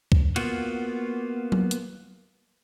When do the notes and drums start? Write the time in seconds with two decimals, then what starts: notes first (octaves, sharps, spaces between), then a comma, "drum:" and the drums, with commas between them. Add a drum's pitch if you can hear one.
0.12 drum: kick
0.36 A#3 B3 F4 F#4, drum: cymbal
1.52 drum: tom F#3
1.71 drum: hi-hat